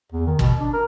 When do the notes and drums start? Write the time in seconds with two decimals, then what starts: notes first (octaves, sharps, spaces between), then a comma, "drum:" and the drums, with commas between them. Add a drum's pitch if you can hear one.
0.12 E2
0.27 D#3
0.39 B2, drum: kick
0.60 D4
0.73 A#4